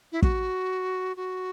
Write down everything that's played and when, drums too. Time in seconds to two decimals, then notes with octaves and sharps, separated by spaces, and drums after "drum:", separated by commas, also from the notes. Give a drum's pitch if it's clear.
0.12 E4
0.22 F#4, drum: kick
1.17 F#4